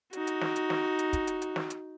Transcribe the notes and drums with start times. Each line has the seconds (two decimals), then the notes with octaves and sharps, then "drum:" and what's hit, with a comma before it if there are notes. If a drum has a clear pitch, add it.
0.13 D#4 F#4, drum: hi-hat
0.27 drum: hi-hat
0.41 drum: snare
0.56 drum: hi-hat
0.70 drum: snare
0.99 drum: hi-hat
1.13 drum: kick, hi-hat
1.27 drum: hi-hat
1.42 drum: hi-hat
1.56 drum: snare
1.70 drum: hi-hat